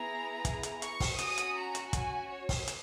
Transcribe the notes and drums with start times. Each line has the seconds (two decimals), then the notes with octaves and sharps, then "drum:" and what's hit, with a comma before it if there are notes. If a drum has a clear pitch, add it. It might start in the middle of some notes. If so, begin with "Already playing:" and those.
Already playing: B3 E4 G#4 A#5
0.45 drum: kick, hi-hat
0.63 drum: hi-hat
0.82 C#6, drum: hi-hat
1.00 drum: kick, open hi-hat
1.19 C#4 F#4 D#6, drum: hi-hat
1.38 drum: hi-hat
1.57 A#5
1.75 drum: hi-hat
1.93 G#5, drum: kick, hi-hat
2.30 C#5
2.49 drum: kick, open hi-hat
2.68 drum: hi-hat